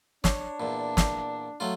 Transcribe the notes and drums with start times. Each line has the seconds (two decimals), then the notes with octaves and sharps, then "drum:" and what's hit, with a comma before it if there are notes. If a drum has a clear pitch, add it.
0.24 D4 C#5, drum: snare
0.60 E2 A#2
0.97 drum: snare
1.60 F#3 A3 F4